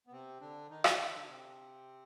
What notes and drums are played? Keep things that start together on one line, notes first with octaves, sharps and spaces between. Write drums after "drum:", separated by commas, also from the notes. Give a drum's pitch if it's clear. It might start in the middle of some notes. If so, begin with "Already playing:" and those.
B3
C3 C4
D3 D4
D#3 D#4
F3 F4, drum: rim click
D#3 D#4
D3 D4
C3 C4